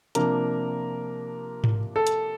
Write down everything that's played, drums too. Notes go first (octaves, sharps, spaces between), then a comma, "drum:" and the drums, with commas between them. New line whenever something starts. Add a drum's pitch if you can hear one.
C3 F3 A#3 D4 A#4, drum: hi-hat
drum: tom G#2
A4
drum: hi-hat